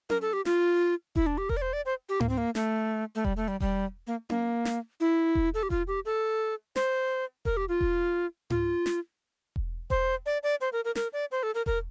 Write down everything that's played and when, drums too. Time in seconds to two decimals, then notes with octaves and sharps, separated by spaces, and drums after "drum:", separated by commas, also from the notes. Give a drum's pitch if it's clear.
0.10 A#4, drum: tom C#4
0.22 A4
0.33 G4
0.45 F4, drum: snare
1.16 E4, drum: kick E1
1.26 D4
1.38 G4
1.49 A#4, drum: kick E1
1.57 D5
1.62 C5
1.73 D5
1.86 C5
2.09 G4
2.20 A#3, drum: tom G#2
2.29 C4
2.38 A#3
2.55 A3, drum: snare
3.15 A3
3.25 G3, drum: kick E1
3.37 A3
3.48 G3
3.60 G3, drum: kick E1
4.07 A#3
4.30 A#3, drum: tom C#4
4.65 drum: snare
5.00 E4
5.35 drum: kick E1
5.54 A4
5.63 G4
5.70 F4, drum: kick E1
5.87 G4
6.05 A4
6.76 C5, drum: snare
7.45 A#4, drum: kick E1
7.57 G4
7.69 F4
7.81 drum: kick E1
8.50 F4, drum: tom G#2
8.86 drum: snare
9.56 drum: kick E1
9.90 C5, drum: kick E1
10.26 D5
10.43 D5
10.61 C5
10.73 A#4
10.85 A#4
10.95 A#4, drum: snare
11.13 D5
11.32 C5
11.43 A4
11.55 A#4
11.66 A#4, drum: kick E1